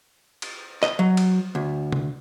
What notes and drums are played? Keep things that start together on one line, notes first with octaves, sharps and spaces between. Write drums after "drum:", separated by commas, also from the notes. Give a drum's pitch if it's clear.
drum: cymbal
D#5, drum: clap
F#3
drum: cymbal
D2
drum: tom C3